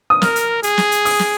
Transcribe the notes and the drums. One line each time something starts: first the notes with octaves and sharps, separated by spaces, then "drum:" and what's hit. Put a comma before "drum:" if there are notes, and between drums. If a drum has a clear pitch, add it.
D#6
A#4 F6, drum: snare
drum: hi-hat
G#4, drum: hi-hat
drum: snare
drum: hi-hat
D#6, drum: open hi-hat
drum: snare